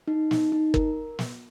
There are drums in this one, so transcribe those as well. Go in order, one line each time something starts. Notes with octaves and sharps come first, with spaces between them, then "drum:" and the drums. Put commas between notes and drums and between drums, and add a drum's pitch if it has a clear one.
D#4
D#4, drum: snare
D#4
A#4, drum: kick G1
drum: snare